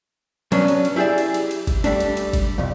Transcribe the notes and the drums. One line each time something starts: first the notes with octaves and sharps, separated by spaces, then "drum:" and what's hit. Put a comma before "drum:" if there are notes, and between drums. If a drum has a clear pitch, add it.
F#3 B3 C#4 D4, drum: cymbal
drum: cymbal
drum: cymbal
E4 G4 G#4 D5 E5
drum: cymbal
drum: cymbal
drum: cymbal
drum: kick G#1, cymbal
G3 A3 D4, drum: cymbal
drum: cymbal
drum: cymbal
drum: kick G#1, cymbal
C2 F2